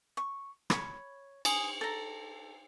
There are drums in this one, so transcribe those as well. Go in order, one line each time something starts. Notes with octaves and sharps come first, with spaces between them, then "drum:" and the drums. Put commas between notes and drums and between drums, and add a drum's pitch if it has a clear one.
C#6
C#5 B5, drum: rim click
G#5 C6 D#6, drum: cymbal
A4 A#5